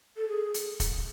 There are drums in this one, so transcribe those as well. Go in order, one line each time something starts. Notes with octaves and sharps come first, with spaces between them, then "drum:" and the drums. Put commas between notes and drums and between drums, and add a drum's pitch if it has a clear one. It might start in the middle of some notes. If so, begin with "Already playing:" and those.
A4
G#4
drum: hi-hat
drum: kick, hi-hat